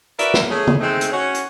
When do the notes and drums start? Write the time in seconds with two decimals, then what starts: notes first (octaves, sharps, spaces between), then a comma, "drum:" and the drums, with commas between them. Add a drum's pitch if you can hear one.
0.19 F#4 A#4 B4 D5 E5, drum: hi-hat
0.34 drum: snare
0.51 A3 C#4 G#4
0.67 drum: tom C#3
0.80 G#3 A3 C4 D#4
1.01 drum: hi-hat
1.12 C#4 F#4
1.35 drum: hi-hat